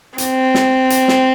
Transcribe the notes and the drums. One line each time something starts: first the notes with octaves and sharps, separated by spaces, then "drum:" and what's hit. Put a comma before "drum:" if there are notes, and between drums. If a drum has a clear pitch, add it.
C4, drum: hi-hat
drum: snare
drum: hi-hat
drum: snare